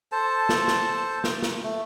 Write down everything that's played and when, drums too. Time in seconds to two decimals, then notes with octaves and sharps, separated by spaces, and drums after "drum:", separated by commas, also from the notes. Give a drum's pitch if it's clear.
0.12 A4 C5 A5
0.49 drum: snare
0.68 drum: snare
1.24 drum: snare
1.43 drum: snare
1.63 A3